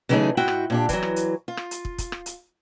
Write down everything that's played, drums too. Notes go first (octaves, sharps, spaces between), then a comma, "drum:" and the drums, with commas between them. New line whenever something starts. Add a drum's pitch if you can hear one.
C#3 E3 F#3 A3 D#4 G#4
G#2 E4 F#4 G5
drum: rim click
A#2 D4 G4
E3 F#3, drum: kick, hi-hat
drum: rim click
drum: hi-hat
F4
drum: rim click
drum: hi-hat
drum: kick
drum: kick, hi-hat
drum: rim click
drum: hi-hat